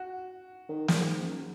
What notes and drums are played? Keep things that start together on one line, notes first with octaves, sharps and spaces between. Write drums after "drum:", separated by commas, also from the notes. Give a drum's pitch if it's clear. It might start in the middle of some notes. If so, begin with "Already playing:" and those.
Already playing: F#4
D#3
A#2, drum: snare
G#2
F#2